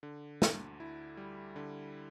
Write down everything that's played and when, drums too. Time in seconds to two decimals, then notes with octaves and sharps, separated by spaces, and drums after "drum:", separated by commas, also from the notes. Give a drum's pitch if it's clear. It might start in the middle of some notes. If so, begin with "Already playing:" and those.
0.03 D3
0.42 D2, drum: snare
0.80 E4
1.17 G3
1.56 D3